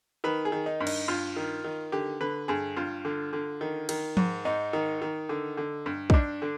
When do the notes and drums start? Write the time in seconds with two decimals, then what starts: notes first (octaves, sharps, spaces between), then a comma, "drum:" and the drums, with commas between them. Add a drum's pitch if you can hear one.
0.24 D#3 B4
0.45 G#4
0.52 D#3
0.66 D#4
0.80 G2
0.87 D#4, drum: cymbal
1.08 G2 F4
1.36 D#3
1.64 D#3
1.92 D3 G4
2.21 D3 B4
2.48 G2 G#4
2.76 G2 F4
3.05 D3
3.33 D3
3.61 D#3
3.89 D#3, drum: cymbal
4.17 G#2, drum: tom F3
4.45 G#2 D#4
4.73 D#3
5.02 D#3
5.29 D3
5.57 D3
5.86 G2
6.10 D#4, drum: kick
6.14 G2 D4
6.42 D3